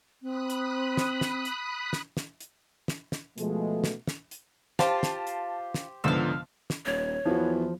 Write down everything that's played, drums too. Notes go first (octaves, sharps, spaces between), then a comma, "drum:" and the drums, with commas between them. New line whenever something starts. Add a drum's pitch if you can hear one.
C4 B5 D#6 F#6
drum: hi-hat
drum: snare
drum: snare
drum: hi-hat
drum: snare
drum: snare
drum: hi-hat
drum: snare
drum: snare
B2 F3 G#3 A3, drum: hi-hat
drum: snare
drum: snare
drum: hi-hat
F4 G4 C5 A5, drum: snare
drum: snare
drum: hi-hat
drum: snare
C#2 G#2 D3 F3 B3 F5 E6
drum: snare
D#1 C#5
E2 E3 F3 B3 F#4